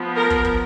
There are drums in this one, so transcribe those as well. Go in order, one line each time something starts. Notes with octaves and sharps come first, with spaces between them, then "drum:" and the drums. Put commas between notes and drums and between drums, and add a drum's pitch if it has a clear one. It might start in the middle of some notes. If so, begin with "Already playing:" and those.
Already playing: F3 B3
A#4
drum: kick
drum: kick